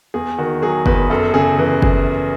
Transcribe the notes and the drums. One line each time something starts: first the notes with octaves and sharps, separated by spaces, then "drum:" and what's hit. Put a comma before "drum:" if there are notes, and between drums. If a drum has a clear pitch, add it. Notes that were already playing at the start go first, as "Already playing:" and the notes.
E2 G#4
D#3 F#4
F#3 G#4
E2 B4, drum: kick F#1
F#2 A4
C#3 G#4
E3
drum: kick F#1